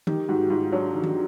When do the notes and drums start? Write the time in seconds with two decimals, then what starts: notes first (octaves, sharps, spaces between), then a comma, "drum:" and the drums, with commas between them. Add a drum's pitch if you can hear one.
0.07 D#3 G4, drum: tom D#3
0.29 G#2 F#4
0.50 G#2 F4
0.72 F#3 D4
0.94 D#3
1.04 drum: tom D#3